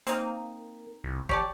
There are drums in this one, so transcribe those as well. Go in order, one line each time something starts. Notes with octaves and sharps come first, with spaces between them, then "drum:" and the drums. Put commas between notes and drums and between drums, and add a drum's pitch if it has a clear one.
A#3 C4 D#4, drum: hi-hat
C2
G4 C#5 D5 A5, drum: kick